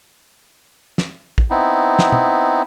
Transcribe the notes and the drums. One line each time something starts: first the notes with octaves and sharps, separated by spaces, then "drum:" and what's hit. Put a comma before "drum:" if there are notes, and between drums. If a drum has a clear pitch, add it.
drum: snare
drum: kick
B3 C4 D#4 E4
drum: snare
drum: tom